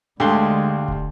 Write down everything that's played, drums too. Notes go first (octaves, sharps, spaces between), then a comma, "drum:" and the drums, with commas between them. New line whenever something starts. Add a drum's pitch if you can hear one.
D2 D3 G#3 G4 F5 C6
drum: kick